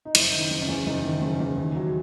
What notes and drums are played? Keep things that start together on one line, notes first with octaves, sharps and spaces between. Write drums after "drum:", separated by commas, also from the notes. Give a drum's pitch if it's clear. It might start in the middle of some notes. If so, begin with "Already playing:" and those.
D#4
F#1 E4, drum: cymbal
D#3
D#4
F#1
D#4
C#4
E2
F#1 D#4
D#3
F#1 C#4
E2
D#2
F#3